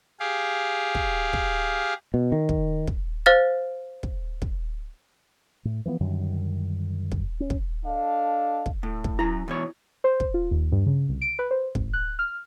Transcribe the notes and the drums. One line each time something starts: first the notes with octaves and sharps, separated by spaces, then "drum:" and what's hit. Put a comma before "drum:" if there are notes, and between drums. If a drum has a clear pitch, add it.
G4 G#4 F5
drum: kick
drum: kick
B2
D#3
drum: kick
drum: kick
C5 F5 F6 A6
drum: kick
drum: kick
A2
E3 F3 G#3 B3
F#2 D3 D#3 G3
drum: kick
C#4
drum: kick
D4 A4 D#5 F5
drum: kick
A2
drum: kick
F#2 E4 A#5
E2 B2 C#5
C5
drum: kick
F4
D#2
G2
C#3
C2
D7
B4
C5
G#1, drum: kick
F#6
F6